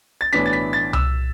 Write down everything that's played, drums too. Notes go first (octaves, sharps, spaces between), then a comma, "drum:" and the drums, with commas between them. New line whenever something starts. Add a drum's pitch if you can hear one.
A6
B1 A2 E3 B3 D4 B6
A6
B6
A6
E6, drum: tom C2